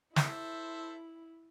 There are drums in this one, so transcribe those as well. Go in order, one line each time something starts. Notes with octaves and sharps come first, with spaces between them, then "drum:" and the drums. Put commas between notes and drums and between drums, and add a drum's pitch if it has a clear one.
E4 A4 C5 E5, drum: snare